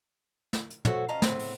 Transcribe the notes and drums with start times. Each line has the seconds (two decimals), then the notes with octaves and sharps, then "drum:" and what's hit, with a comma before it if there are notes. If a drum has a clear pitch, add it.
0.53 drum: snare
0.70 drum: hi-hat
0.85 A3 F#4 A4 C5 C#5 F#5, drum: tom
1.08 D2 C#4 D#5 F5 A5 A#5
1.22 A2 C#3 F3 B3 C4, drum: snare
1.39 drum: open hi-hat